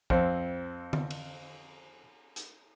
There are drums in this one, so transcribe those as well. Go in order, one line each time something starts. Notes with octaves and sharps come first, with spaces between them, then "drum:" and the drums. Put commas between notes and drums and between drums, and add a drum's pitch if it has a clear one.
F2 C4, drum: kick
drum: tom D3
drum: cymbal
drum: hi-hat